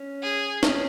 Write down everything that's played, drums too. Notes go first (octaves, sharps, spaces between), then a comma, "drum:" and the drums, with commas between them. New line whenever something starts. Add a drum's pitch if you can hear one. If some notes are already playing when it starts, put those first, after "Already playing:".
Already playing: C#4
G#4
C#4, drum: snare